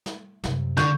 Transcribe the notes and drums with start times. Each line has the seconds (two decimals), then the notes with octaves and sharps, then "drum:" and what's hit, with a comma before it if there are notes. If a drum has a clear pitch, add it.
0.06 drum: snare
0.44 F#2 C3, drum: snare
0.77 D3 C#6 G6, drum: snare